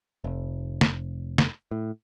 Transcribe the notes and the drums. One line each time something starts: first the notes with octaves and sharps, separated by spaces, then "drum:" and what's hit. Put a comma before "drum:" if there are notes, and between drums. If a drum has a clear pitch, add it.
F1
drum: snare
drum: snare
A2